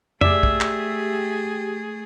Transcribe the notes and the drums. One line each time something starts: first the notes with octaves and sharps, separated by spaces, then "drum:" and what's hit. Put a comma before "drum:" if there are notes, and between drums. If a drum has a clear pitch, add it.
A3 G4 G#4 D5 E5, drum: tom F2
drum: kick
drum: clap